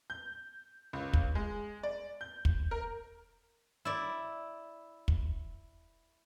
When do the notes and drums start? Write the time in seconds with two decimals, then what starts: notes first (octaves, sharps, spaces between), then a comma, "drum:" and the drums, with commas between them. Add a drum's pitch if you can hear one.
0.10 G6
0.93 C#2
1.13 drum: kick
1.35 G#3
1.83 D5
2.21 G6
2.45 drum: kick
2.71 A#4
3.85 E4 D5
5.08 drum: kick